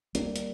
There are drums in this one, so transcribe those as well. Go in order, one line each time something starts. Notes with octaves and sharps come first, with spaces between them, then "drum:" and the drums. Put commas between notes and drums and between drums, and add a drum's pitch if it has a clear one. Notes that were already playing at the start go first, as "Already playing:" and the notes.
D2 G3 A#3, drum: hi-hat
drum: hi-hat